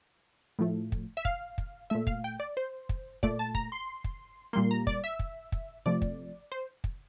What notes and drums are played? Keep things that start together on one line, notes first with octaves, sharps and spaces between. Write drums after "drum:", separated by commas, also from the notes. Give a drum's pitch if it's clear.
A2 F3 A3
drum: kick
E5
F5, drum: kick
drum: kick
A#2 A3 E5
F5, drum: kick
G5
D5
C5
drum: kick
A#2 A3 D5, drum: kick
A5
A#5, drum: kick
C6
drum: kick
A#2 G3 A#3 C6
A#5
D5, drum: kick
E5
drum: kick
drum: kick
C3 F3 A3 D5
drum: kick
C5
drum: kick